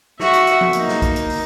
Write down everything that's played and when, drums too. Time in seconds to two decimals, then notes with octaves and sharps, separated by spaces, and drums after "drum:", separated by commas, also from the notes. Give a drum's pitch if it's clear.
0.20 F#4 E5, drum: snare
0.33 drum: hi-hat
0.47 drum: hi-hat
0.61 drum: tom
0.73 A#3 D#4, drum: hi-hat
0.88 drum: snare
1.02 drum: kick, hi-hat
1.16 drum: hi-hat
1.30 drum: open hi-hat